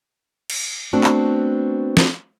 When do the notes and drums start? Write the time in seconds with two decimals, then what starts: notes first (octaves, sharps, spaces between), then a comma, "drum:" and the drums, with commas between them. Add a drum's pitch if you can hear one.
0.50 drum: cymbal
0.93 A3 B3 C4 D4 F#4
1.04 drum: clap
1.97 drum: snare